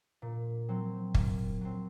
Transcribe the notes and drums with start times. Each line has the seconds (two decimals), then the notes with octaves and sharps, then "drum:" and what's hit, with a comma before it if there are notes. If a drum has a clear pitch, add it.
0.22 A#2
0.69 F#3 C4
1.14 A#2, drum: kick
1.61 F#3 C4